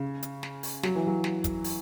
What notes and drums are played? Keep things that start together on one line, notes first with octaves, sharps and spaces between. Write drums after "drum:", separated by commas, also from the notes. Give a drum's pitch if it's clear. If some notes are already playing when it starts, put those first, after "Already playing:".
Already playing: C#3
drum: hi-hat
drum: snare
drum: open hi-hat
F#3, drum: snare
E3
F#3
drum: snare
drum: kick, hi-hat
drum: open hi-hat